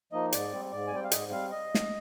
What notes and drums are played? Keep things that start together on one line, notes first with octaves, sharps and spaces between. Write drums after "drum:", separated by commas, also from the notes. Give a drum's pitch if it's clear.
F3 A#3 D#4 D#5
G#2 D5, drum: hi-hat
G3 C4
G#2 D5
G#5
G3 C4 G5
F5
G#2 D#5, drum: hi-hat
G3 C4 F5
D#5
drum: snare